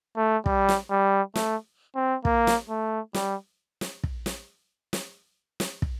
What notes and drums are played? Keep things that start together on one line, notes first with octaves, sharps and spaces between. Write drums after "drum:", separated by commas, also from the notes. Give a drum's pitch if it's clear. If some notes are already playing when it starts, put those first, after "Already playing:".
A3
G3, drum: kick
drum: snare
G3
A3, drum: snare
C4
A#3, drum: kick
drum: snare
A3
G3, drum: snare
drum: snare
drum: kick
drum: snare
drum: snare
drum: snare
drum: kick